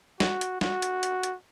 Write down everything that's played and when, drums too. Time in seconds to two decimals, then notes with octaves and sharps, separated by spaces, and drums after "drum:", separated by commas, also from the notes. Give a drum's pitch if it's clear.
0.20 F#4, drum: snare
0.41 drum: hi-hat
0.61 F#4, drum: snare
0.82 drum: hi-hat
1.03 drum: hi-hat
1.23 drum: hi-hat